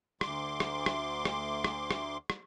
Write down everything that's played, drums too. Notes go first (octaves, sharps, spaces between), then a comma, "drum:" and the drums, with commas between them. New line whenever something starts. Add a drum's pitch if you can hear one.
D2 C6 D6, drum: rim click
drum: rim click
drum: rim click
drum: rim click
drum: rim click
drum: rim click
drum: rim click